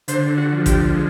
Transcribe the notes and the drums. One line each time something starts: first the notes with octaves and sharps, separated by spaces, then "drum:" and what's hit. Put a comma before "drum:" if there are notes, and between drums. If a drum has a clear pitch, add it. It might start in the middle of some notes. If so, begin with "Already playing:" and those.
D3 C5, drum: hi-hat
F#4
F3
G4, drum: kick A1, hi-hat
G#3